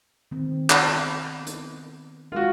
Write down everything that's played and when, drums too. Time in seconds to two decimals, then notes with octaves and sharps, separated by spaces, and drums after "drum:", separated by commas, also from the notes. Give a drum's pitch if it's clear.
0.31 D#3 C4
0.70 drum: clap
0.88 B3
1.47 drum: hi-hat
2.32 G#3 F4 F#4 A#4